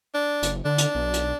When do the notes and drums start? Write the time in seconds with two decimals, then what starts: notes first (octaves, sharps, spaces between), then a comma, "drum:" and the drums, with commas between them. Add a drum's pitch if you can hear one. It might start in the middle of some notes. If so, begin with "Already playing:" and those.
0.14 D4
0.43 F#1, drum: hi-hat
0.65 D3 D4
0.78 drum: hi-hat
0.95 B1
1.13 drum: hi-hat